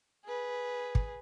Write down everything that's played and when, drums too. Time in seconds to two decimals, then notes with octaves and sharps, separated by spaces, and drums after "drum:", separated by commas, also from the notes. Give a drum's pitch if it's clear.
0.25 G#4 B4
0.95 drum: kick